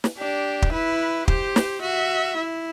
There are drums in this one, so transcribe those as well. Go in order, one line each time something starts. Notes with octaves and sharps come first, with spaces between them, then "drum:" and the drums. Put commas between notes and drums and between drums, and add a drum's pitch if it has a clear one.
drum: snare
D4 G4
drum: kick
E4 B4
G4 C5, drum: kick
drum: snare
F#4 E5
E4